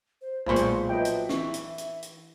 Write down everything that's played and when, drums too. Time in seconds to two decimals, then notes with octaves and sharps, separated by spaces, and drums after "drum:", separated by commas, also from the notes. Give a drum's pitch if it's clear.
0.21 C5
0.46 B1 A#2 F3 G#3 C5 F5 B5 C#6
0.56 drum: hi-hat
0.89 F3 F#3 B4 D#5 E5 G5
1.05 drum: hi-hat
1.29 E3 C#6, drum: snare
1.54 drum: hi-hat
1.78 drum: hi-hat
2.03 drum: hi-hat